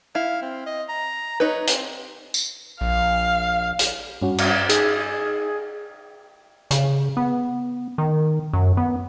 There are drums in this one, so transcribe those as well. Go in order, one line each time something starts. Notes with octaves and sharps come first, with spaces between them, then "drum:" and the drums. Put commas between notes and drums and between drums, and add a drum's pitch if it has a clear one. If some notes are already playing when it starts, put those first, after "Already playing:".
E4 F5
C4
D#5
A#5
D#4 B4 C#5
C4, drum: hi-hat
drum: tambourine
A#1 F5
drum: hi-hat
G2 C#4 F#4
drum: cymbal
D#4 G#4 E6, drum: hi-hat
C#3, drum: hi-hat
B3
D#3
F#2
B3